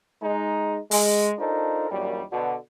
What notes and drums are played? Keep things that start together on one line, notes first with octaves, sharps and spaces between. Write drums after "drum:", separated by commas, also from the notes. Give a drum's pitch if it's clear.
G#3 D#4
G#3, drum: open hi-hat
D4 D#4 F4 A4 A#4 C5
A#1 F#2 A#2 D#3 G3
B2 D3